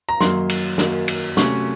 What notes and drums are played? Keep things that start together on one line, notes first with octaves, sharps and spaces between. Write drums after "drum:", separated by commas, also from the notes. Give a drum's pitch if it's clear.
A#5
F#2 D#3 F#3 A#3 C6, drum: snare
drum: cymbal
F#2 D#3 F#3 A#3, drum: snare
drum: cymbal
C3 F#3 A3 C#4 C#6, drum: snare